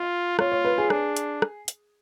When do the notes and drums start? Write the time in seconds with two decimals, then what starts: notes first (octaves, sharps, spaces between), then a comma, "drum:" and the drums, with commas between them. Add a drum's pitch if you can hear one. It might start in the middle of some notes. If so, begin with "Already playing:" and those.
Already playing: F4
0.39 F4 C#5, drum: rim click
0.52 C#5
0.65 B4
0.78 G#4
0.90 D4, drum: rim click
1.16 drum: hi-hat
1.42 drum: rim click
1.68 drum: hi-hat